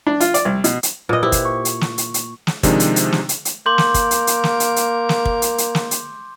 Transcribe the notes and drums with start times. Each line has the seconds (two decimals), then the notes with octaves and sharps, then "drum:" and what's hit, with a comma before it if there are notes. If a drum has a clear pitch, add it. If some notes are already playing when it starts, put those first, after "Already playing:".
0.07 D4
0.20 F4, drum: hi-hat
0.34 D5, drum: hi-hat
0.45 C2
0.64 B2, drum: hi-hat
0.83 drum: hi-hat
1.09 A#2 B4 D#5
1.23 E4 G4 C5
1.32 drum: kick, hi-hat
1.45 C#6
1.65 drum: hi-hat
1.81 drum: snare
1.98 drum: hi-hat
2.14 drum: hi-hat
2.47 drum: snare
2.63 C3 D#3 F3 G#3 D4 D#4, drum: kick, hi-hat
2.80 drum: hi-hat
2.96 drum: hi-hat
3.12 drum: snare
3.29 drum: hi-hat
3.45 drum: hi-hat
3.66 A#3 C6 D6 G6
3.78 drum: snare
3.94 drum: kick, hi-hat
4.11 drum: hi-hat
4.27 drum: hi-hat
4.44 drum: snare
4.60 drum: hi-hat
4.76 drum: hi-hat
5.09 drum: snare
5.25 drum: kick
5.42 drum: hi-hat
5.58 drum: hi-hat
5.75 drum: snare
5.91 drum: hi-hat